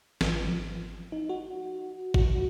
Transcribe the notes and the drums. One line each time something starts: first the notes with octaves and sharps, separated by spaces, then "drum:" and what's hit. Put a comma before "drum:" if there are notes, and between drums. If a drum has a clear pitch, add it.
G#1, drum: snare
F3
D#4
F#4
F#4, drum: kick G#1